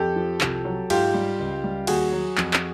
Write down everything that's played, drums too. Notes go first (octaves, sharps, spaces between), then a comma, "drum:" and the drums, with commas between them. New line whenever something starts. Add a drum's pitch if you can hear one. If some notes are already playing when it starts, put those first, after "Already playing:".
Already playing: F2 G4 A4
F3
C2, drum: clap
F#3
G#2 F4 G4, drum: cymbal
G3
C#2
G3
D#2 F#4 G#4, drum: cymbal
F#3
F2, drum: clap
drum: clap